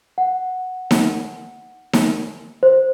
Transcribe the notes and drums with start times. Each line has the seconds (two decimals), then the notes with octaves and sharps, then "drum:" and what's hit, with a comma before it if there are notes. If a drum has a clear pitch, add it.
0.18 F#5
0.91 drum: snare D#4
1.93 drum: snare D#4
2.63 C5